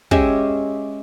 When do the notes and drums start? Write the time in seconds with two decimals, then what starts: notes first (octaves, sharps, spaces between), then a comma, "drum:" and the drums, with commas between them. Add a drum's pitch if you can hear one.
0.11 G#3 C#4 G4 E5, drum: kick